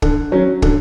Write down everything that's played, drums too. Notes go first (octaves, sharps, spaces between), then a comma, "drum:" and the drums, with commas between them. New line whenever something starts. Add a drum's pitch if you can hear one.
D3, drum: kick
F#3 C#4
D3, drum: kick